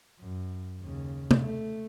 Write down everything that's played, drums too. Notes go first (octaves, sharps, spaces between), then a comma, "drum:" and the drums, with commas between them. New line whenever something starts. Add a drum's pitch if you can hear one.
F#2
D#2 C#3
drum: tom
A3